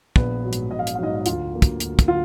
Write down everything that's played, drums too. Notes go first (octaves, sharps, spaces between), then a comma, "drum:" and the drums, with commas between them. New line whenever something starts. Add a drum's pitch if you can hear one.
A#1 B3 B4, drum: kick
G#2 F#3
drum: hi-hat
A#1 D#5
F5
D#5, drum: hi-hat
F5
G#2 F#3 D#4 D#5
D#5
D2 F4 F5, drum: hi-hat
D3 F#3 A#3
drum: kick, hi-hat
D2, drum: hi-hat
drum: kick, hi-hat
D3 F#3 F4 F5